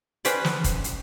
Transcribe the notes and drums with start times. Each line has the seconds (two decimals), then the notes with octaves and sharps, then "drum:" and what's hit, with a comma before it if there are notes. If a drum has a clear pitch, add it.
0.25 C#4 B4 C5 D5, drum: hi-hat
0.44 drum: snare
0.64 drum: kick, hi-hat
0.84 drum: hi-hat